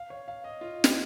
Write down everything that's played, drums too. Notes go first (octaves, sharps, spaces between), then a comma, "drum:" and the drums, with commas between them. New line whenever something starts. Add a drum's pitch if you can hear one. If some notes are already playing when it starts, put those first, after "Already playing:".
Already playing: F5
C#5
F5
D#5
F4
drum: snare